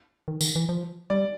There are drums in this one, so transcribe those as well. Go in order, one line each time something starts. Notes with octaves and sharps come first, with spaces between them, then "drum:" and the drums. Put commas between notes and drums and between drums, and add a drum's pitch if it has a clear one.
D#3
D#3, drum: tambourine
E3
F3
G3 D5